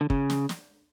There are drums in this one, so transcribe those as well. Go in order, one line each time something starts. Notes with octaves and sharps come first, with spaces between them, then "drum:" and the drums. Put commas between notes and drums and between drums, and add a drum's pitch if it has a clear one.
D3
C#3, drum: kick
drum: snare
drum: snare